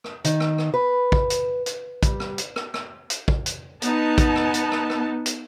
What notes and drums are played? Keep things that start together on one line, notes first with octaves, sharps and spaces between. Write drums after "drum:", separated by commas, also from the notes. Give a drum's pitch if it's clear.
drum: rim click
D#3, drum: hi-hat
drum: rim click
drum: rim click
B4
drum: kick
drum: hi-hat
drum: hi-hat
G3, drum: kick, hi-hat
drum: rim click
drum: hi-hat
drum: rim click
drum: rim click
drum: hi-hat
drum: kick
drum: hi-hat
B3 D#4 A5, drum: hi-hat
drum: kick, hi-hat
drum: rim click
drum: hi-hat
drum: rim click
drum: rim click
drum: hi-hat